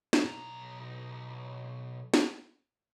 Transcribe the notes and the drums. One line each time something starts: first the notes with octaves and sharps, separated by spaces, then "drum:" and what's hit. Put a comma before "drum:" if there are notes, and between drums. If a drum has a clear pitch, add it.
drum: snare
B1 A#5
drum: snare